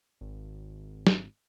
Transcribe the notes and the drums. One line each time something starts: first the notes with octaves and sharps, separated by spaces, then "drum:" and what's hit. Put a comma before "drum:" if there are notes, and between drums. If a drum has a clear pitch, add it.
G#1
drum: snare